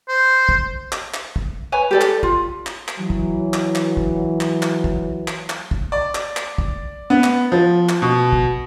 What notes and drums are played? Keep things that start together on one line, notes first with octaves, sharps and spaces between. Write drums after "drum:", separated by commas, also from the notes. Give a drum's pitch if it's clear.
C5
drum: kick
drum: clap
drum: clap
drum: kick
B4 C#5 G#5
G4 A4 D5
drum: clap
F4, drum: kick
drum: clap
drum: clap
E3 F#3
drum: kick
drum: clap
drum: clap
drum: kick
drum: clap
drum: clap
drum: kick
drum: clap
drum: clap
drum: kick
D5
drum: clap
drum: clap
drum: kick
B3
drum: clap
F3
drum: clap
B2
drum: kick